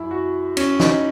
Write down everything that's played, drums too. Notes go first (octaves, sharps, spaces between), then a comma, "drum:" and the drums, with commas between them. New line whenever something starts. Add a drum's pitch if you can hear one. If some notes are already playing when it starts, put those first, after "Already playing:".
Already playing: F#2 E4
F#4
C#4, drum: cymbal
D#4, drum: snare